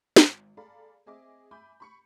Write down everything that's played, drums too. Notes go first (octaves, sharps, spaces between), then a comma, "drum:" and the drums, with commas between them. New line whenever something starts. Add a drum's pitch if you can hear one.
G#1, drum: snare
G#4 A4 D5 F5 A#5 B5
C4 G#4 D#5 E5 D6
E5 G#5 B5 D6 G6
B5 C#6 C#7